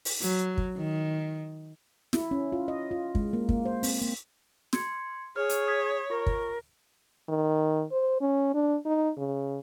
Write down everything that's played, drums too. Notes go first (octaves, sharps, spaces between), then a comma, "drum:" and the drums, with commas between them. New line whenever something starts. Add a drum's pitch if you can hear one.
drum: open hi-hat
F#3, drum: hi-hat
drum: kick
D#3
E4, drum: snare
C#4
F4
D#5
F4
G#3, drum: kick
A#3
A#3, drum: kick
C5
C4, drum: open hi-hat
A#3
C6 G#6 C#7, drum: snare
G#4 C#5 C#6 F6
drum: hi-hat
D#6 G#6 B6
F4 A#4 C#6 A#6
drum: kick
D#3
C5
C#4
D4
D#4
C#3